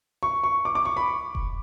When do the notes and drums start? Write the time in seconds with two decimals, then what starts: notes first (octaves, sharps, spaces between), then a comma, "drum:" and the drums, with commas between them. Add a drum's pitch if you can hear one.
0.23 C#6
0.44 C#6
0.65 D6
0.75 D6
0.85 C#6
0.97 B5
1.35 drum: kick E1